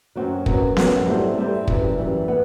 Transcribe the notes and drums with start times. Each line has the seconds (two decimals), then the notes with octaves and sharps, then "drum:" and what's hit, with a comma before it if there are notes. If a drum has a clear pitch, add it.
0.16 F#2 F#3 C4 F#4 C5
0.46 F#2 F#3 B3, drum: kick
0.77 F#2 F#3 B3, drum: snare B3
1.07 G3 C4 E4 A4 C5
1.38 G3 C4 E4 A4 C5
1.68 F#2 E3 G3, drum: kick
1.98 F#2 E3 G3
2.28 B3